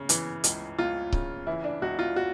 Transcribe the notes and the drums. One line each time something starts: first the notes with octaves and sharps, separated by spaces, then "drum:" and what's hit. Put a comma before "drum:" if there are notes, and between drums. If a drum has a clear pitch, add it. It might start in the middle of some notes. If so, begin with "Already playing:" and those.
Already playing: C#3
E3, drum: hi-hat
C#2, drum: hi-hat
C#2 F4
C#3, drum: kick C#1
E3 E4
D4
C#2 F#4
F4
F#4